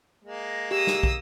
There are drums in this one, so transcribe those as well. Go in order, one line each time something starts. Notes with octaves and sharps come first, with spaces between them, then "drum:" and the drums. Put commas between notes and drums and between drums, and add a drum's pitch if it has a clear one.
G#3 A#3
G4 D#6 E6
drum: snare
drum: kick